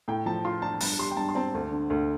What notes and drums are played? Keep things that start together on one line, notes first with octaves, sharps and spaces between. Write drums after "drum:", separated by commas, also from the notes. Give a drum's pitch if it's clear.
A2 G5
F3 A5
F4 C6
D4 A5
G2 A5, drum: open hi-hat
G3 C6
G5
G2 A5
C6
C4 A5
D2
D3
D2